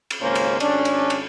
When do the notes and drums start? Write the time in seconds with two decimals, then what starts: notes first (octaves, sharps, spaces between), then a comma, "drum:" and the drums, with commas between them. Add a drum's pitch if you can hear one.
0.10 drum: cymbal
0.21 G#1 C#2 A#3 C#4 C5
0.35 drum: cymbal
0.60 G#1 C#4 D4, drum: cymbal
0.85 drum: cymbal
1.10 drum: cymbal